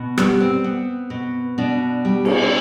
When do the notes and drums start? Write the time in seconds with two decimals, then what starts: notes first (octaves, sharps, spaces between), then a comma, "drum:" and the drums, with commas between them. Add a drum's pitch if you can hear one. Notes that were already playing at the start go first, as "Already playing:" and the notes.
Already playing: B2
0.18 G3 B3, drum: rim click
0.40 C4
0.64 B3
1.10 B2
1.58 B2 D4
2.05 G3
2.25 drum: cymbal